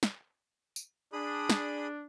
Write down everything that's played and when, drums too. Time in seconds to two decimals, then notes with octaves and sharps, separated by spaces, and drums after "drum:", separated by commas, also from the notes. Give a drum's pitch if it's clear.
0.03 drum: snare
0.76 drum: tambourine
1.13 D4 G#4 B5 D#6
1.50 drum: snare